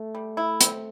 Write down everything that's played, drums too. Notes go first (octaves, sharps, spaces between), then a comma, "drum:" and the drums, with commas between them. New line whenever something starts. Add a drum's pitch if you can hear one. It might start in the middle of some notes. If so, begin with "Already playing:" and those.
Already playing: A3
G3
E4
C4, drum: hi-hat